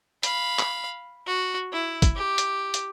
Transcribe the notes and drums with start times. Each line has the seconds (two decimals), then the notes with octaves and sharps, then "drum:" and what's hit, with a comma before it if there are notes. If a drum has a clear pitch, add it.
0.23 F5 B5, drum: hi-hat
0.59 drum: clap
1.27 F#4
1.72 E4
2.02 drum: kick, hi-hat
2.16 G4
2.38 drum: hi-hat
2.74 drum: hi-hat